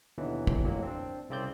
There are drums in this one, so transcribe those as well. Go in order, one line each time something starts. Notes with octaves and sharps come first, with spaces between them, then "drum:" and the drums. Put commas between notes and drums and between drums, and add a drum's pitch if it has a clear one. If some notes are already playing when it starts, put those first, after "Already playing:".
D#2 B2 D3 E3 F#3
drum: kick
F2 A2 F#3 A#3
C4 D4
C2 C#3 C4 D5 G6